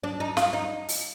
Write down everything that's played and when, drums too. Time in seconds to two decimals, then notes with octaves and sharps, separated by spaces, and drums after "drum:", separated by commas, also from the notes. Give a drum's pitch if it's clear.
0.04 D4
0.20 D#4
0.37 F4, drum: snare
0.53 D#4
0.89 drum: open hi-hat